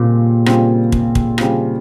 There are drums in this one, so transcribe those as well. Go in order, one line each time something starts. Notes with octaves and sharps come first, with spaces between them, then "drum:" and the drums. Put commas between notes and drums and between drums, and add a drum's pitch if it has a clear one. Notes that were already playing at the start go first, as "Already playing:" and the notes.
Already playing: A#2 C#3 G3 C4
C#3 G3 C4 F4, drum: rim click
drum: kick
drum: kick
C#3 G3 C4 F4, drum: rim click